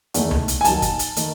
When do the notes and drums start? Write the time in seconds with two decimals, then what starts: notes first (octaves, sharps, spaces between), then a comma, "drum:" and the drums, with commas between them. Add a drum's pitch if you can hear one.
0.14 E2 D#3 A3, drum: hi-hat
0.31 drum: tom C#2
0.48 drum: hi-hat
0.61 G#5
0.65 D#2 D#3 F#3 A5, drum: hi-hat
0.82 drum: kick, hi-hat
0.99 drum: hi-hat
1.16 D#3 A3, drum: hi-hat